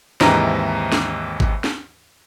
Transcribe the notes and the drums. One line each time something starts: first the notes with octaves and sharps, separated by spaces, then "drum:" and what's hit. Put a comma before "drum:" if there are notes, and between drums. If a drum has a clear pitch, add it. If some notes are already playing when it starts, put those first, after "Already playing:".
D#2 G#2 C3 E3 D#5 A#5, drum: snare
drum: snare
drum: kick G#1
drum: snare